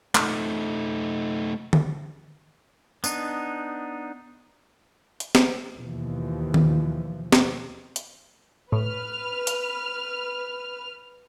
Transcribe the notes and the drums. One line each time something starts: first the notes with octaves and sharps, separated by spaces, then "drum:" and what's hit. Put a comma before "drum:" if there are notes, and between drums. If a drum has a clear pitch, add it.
A3 D#4, drum: clap
drum: tom D3
B3 D4 D#4, drum: tambourine
drum: hi-hat
drum: snare
D#2 B2 E3 F3
drum: tom D#3
drum: snare
drum: hi-hat
A2 B4 F6
drum: hi-hat